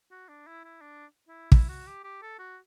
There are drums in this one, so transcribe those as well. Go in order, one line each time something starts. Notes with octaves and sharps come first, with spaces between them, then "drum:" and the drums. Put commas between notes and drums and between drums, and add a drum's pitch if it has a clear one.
F#4
D4
E4
E4
D4
E4
E4, drum: kick
F#4
G4
G4
A4
F#4